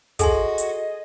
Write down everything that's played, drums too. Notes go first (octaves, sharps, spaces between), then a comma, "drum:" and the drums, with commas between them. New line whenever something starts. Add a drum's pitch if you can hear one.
F#4 G#4 A4 D#5 G#5 C6, drum: kick, hi-hat
drum: hi-hat